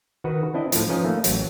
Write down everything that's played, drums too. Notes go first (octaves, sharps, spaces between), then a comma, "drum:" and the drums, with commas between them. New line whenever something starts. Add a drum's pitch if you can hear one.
D#3 F#4 B4
C4 D4 E4 D#5
A2 F3, drum: hi-hat
F3 C#4 D#4 B4 D#5
A3 A#3
A1 F#3, drum: hi-hat